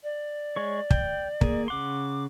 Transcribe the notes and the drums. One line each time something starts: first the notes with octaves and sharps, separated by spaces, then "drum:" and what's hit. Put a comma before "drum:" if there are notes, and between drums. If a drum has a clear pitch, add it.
D5
G#3 C#5
G5, drum: kick
A#3 G#4, drum: kick
C#3 F#5 C6 D6